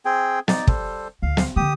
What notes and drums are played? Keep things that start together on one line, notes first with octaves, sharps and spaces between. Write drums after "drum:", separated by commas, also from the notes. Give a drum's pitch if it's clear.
C4 G#4 G5
D#4 D5, drum: snare
G3 A4 C5, drum: kick
D2 F5
drum: snare
D3 C4 G4 D#6